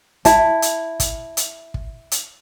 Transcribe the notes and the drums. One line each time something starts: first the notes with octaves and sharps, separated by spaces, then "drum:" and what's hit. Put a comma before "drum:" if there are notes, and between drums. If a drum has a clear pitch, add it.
E4 A5, drum: kick, hi-hat
drum: hi-hat
drum: kick, hi-hat
drum: hi-hat
drum: kick
drum: hi-hat